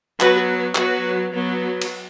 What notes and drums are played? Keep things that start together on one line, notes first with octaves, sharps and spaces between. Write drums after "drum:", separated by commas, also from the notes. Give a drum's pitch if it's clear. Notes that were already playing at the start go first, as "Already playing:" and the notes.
F#3 B3 F#4 B4, drum: clap
F#3 B3 F#4 B4, drum: clap
F#3 B3
drum: cymbal